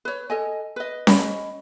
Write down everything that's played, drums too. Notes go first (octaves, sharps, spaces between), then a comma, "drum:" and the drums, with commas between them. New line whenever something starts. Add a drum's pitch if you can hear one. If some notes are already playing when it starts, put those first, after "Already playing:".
B4 C#5
A4 D#5 G#5
B4 D#5
C#4 D#5 B5, drum: snare C#4